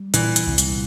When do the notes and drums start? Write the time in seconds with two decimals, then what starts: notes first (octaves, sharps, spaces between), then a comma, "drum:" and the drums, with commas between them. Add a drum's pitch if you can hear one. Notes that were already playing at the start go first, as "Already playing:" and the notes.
Already playing: G3
0.14 A#2 E3, drum: hi-hat
0.36 drum: hi-hat
0.47 C2
0.58 drum: hi-hat